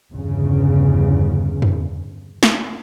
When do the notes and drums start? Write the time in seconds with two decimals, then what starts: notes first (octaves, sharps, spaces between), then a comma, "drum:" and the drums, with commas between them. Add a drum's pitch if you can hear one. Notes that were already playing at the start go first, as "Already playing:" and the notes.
0.11 G1 E2 C#3
1.62 drum: tom
2.43 drum: snare